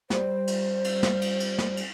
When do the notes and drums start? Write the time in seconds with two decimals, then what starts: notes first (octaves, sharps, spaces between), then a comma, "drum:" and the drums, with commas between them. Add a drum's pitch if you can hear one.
0.10 G3 C5, drum: snare
0.47 drum: cymbal
0.84 drum: cymbal
1.03 drum: snare
1.21 drum: cymbal
1.40 drum: cymbal
1.58 drum: snare
1.77 drum: cymbal